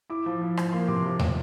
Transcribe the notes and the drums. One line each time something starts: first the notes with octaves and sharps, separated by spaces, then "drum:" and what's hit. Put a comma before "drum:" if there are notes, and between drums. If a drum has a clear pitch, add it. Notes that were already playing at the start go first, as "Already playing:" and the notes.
E4 D6
F3
F3
F3, drum: rim click
A#3 C6
C3 D6
F3
C3, drum: tom D#2